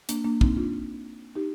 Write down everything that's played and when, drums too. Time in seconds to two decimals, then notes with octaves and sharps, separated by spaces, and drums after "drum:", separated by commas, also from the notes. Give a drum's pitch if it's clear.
0.09 A#3 D4, drum: hi-hat
0.25 A#3 D4
0.41 C4 D#4, drum: kick
0.57 D4 F4
1.35 D#4 G4